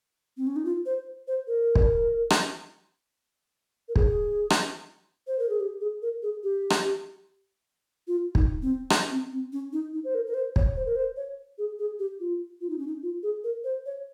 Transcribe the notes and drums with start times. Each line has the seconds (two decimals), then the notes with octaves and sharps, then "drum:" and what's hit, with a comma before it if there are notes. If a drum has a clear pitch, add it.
0.37 C4
0.47 C#4
0.56 D#4
0.65 F4
0.86 C5
1.28 C5
1.47 A#4
1.75 drum: kick
2.30 drum: rim click
3.89 A#4
3.96 G#4, drum: kick
4.50 drum: rim click
5.27 C5
5.39 A#4
5.49 G#4
5.60 G4
5.81 G#4
6.02 A#4
6.23 G#4
6.43 G4
6.70 drum: rim click
8.08 F4
8.35 D#4, drum: kick
8.62 C4
8.90 drum: rim click
9.11 C4
9.32 C4
9.53 C#4
9.73 D#4
9.94 D#4
10.04 C5
10.15 A#4
10.27 A#4
10.34 C5
10.56 C#5, drum: kick
10.77 C5
10.86 A#4
10.96 C5
11.17 C#5
11.58 G#4
11.79 G#4
11.99 G4
12.20 F4
12.61 F4
12.70 D#4
12.78 C#4
12.87 D#4
13.03 F4
13.23 G#4
13.44 A#4
13.64 C5
13.86 C#5